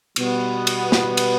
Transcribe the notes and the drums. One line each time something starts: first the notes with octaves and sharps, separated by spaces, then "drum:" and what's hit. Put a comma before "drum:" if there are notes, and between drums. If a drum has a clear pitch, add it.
B2 G3 B3, drum: cymbal
drum: cymbal
drum: snare
drum: cymbal